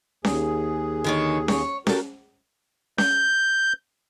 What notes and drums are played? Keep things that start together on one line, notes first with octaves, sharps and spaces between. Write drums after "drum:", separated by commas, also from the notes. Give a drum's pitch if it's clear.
D#2 G#4, drum: snare C#4
D3 D#3 C#5
C#5, drum: snare C#4
F#4 G4 A4 A#4, drum: snare C#4
G6, drum: snare C#4